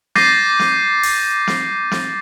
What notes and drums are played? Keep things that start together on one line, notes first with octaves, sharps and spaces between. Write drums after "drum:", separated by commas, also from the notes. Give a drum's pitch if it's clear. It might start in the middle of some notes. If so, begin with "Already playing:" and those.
D6 G6 A6 A#6 C7 D#7, drum: snare
drum: snare
drum: open hi-hat
drum: snare
drum: snare